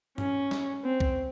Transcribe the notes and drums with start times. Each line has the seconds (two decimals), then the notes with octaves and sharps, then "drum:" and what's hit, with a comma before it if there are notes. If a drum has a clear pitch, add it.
0.18 C#4, drum: tom G2
0.51 drum: snare
0.84 C4
1.00 drum: kick C2